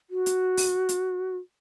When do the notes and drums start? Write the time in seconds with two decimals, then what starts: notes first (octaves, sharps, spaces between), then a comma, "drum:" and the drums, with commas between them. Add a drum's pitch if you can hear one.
0.10 F#4
0.26 drum: hi-hat
0.57 drum: open hi-hat
0.89 drum: hi-hat